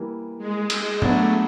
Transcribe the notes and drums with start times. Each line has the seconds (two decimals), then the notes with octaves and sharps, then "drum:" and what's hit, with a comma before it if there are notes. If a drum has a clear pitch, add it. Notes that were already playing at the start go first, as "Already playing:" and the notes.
Already playing: E3 G3 A#3
0.38 G#3
0.70 G#3, drum: cymbal
1.02 F#3 A3 B3 D4, drum: tom